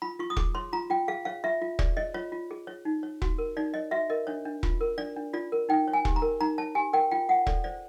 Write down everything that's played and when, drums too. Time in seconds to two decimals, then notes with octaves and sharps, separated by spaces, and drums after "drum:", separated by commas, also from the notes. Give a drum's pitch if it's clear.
0.02 F4 B5
0.19 F4 C#6
0.30 D#6
0.37 G#4 D6, drum: kick E1
0.55 C#5 C6
0.73 F4 A#5
0.90 F4 G5
1.08 G#4 F5
1.25 C#5 F5
1.44 F4 E5
1.62 F4
1.79 G#4 D5, drum: kick E1
1.97 C#5 D#5
2.14 F4 C#5
2.32 F4
2.51 G#4
2.67 C#5
2.85 D#4
3.03 C#5
3.22 F#4, drum: kick E1
3.38 A#4
3.57 D#4 D5
3.74 C#5 D#5
3.91 F#4 E5
4.10 A#4 D#5
4.27 D4 C#5
4.45 D4
4.63 F4, drum: kick E1
4.81 A#4
4.98 D4 D5
5.16 D4
5.33 F4 D5
5.52 A#4
5.69 D#4 G5
5.88 C#5
5.93 G#5
6.05 G4, drum: kick E1
6.16 A#5
6.22 A#4
6.41 D#4 A#5
6.58 C#5 A5
6.75 G4 G#5
6.93 A#4 G5
7.11 F4 G5
7.29 F4 F#5
7.47 A4 D5, drum: kick E1
7.64 C5 D5